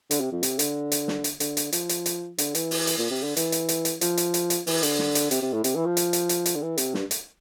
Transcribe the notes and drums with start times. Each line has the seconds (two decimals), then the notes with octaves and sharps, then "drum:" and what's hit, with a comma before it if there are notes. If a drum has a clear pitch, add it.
0.11 D3, drum: hi-hat
0.21 C3
0.32 F2
0.43 C3, drum: hi-hat
0.59 D3, drum: hi-hat
0.92 drum: hi-hat
1.08 drum: snare
1.24 drum: hi-hat
1.40 D3, drum: hi-hat
1.57 drum: hi-hat
1.73 F3, drum: hi-hat
1.89 drum: hi-hat
2.06 drum: hi-hat
2.38 D3, drum: hi-hat
2.55 E3, drum: hi-hat
2.71 drum: open hi-hat
2.87 drum: hi-hat
2.98 A#2
3.11 C3
3.23 D3
3.37 E3, drum: hi-hat
3.52 drum: hi-hat
3.69 drum: hi-hat
3.85 drum: hi-hat
4.01 F3, drum: hi-hat
4.17 drum: hi-hat
4.34 drum: hi-hat
4.50 drum: hi-hat
4.67 E3, drum: open hi-hat
4.83 D3, drum: hi-hat
4.99 drum: snare
5.15 drum: hi-hat
5.31 C3, drum: hi-hat
5.42 C3
5.53 A2
5.64 C3, drum: hi-hat
5.75 E3
5.85 F3
5.97 drum: hi-hat
6.13 drum: hi-hat
6.29 drum: hi-hat
6.46 drum: hi-hat
6.55 D3
6.62 E3
6.78 C3, drum: hi-hat
6.94 G2, drum: snare
7.11 drum: hi-hat